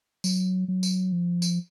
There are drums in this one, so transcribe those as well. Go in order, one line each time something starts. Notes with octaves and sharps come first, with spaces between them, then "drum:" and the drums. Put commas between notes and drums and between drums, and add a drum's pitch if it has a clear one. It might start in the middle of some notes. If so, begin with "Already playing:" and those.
F#3, drum: tambourine
F#3
drum: tambourine
F3
drum: tambourine